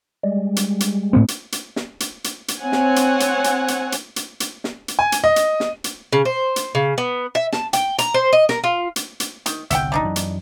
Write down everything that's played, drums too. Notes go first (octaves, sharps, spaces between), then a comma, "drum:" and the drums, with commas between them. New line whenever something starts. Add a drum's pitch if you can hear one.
G3 G#3
drum: hi-hat
drum: hi-hat
A2 A#3 C4
drum: hi-hat
drum: hi-hat
drum: snare
drum: hi-hat
drum: hi-hat
drum: hi-hat
C4 C#5 F#5 G#5
drum: snare
drum: hi-hat
drum: hi-hat
drum: hi-hat
drum: hi-hat
drum: hi-hat
drum: hi-hat
drum: hi-hat
drum: snare
drum: hi-hat
G#5
drum: hi-hat
D#5
drum: hi-hat
drum: snare
drum: hi-hat
C#3
C5
drum: hi-hat
C#3
B3
E5
A5, drum: snare
G5, drum: hi-hat
A#5, drum: hi-hat
C5
D#5
A#4, drum: snare
F4
drum: hi-hat
drum: hi-hat
D#3, drum: hi-hat
G1 C2 G2 E5 F#5 G5, drum: hi-hat
G3 D4 D#4
F#2 E3
drum: hi-hat